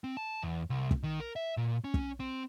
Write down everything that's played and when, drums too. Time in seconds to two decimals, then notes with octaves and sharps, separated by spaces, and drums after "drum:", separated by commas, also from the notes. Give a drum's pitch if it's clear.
0.04 C4
0.17 A5
0.42 E2
0.70 C2
0.91 drum: kick
1.03 D#3
1.20 A#4
1.36 E5
1.57 A#2
1.84 C#4
1.94 drum: kick
2.20 C4